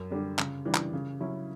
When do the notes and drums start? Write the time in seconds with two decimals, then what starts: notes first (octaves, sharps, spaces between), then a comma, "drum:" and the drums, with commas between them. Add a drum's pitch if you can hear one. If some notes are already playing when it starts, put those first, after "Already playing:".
Already playing: F#2
0.11 D3 G3 D4
0.38 C#3, drum: clap
0.65 E3 G3 D4
0.75 drum: clap
0.93 C#3
1.20 F#3 C#4 E4